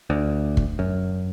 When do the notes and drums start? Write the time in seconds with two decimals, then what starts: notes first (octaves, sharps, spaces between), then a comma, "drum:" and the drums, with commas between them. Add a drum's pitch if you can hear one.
0.10 D2
0.57 drum: kick
0.79 F#2